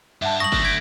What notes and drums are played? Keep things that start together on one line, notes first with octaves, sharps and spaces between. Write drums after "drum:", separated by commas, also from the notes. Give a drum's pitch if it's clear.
G2 E5 F#5 A5
C#6 D#6 A#6 F#7
D3 A3, drum: kick
G#6 B6 D7